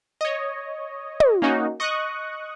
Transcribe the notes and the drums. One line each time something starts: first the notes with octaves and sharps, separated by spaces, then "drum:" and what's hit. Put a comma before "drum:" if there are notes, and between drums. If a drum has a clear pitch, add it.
C#5 D#5
drum: tom
A#3 C#4 D#4 F#4
D#5 C#6 D#6 F#6